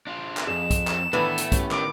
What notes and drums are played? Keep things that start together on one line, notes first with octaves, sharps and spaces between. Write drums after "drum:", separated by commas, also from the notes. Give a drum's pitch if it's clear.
D4 F4
drum: clap
F2 G#4 E7
drum: kick, hi-hat
drum: clap
A2 D#3 E3 A3 B3 D4 B4
drum: hi-hat
C#4 G4, drum: kick, hi-hat
D#3 D6, drum: clap